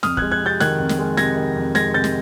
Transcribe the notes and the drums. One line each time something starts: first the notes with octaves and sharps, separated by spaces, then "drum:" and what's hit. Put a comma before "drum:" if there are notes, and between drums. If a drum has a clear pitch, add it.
F2 D#6 F6, drum: snare
G#3 F#6 G#6, drum: kick
F#6 G#6
C3 G6 A6
D#3 F#6 G#6, drum: snare
F2
drum: snare
G#3
C3 G#6 A#6, drum: snare
D#3
F2
G#3 G#6 A#6, drum: snare
C3 G6 A6
drum: snare